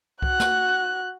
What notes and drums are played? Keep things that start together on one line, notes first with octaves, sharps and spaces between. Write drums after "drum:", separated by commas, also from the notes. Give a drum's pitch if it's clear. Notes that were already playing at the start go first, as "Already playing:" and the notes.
F#4 F#6, drum: kick C2
drum: snare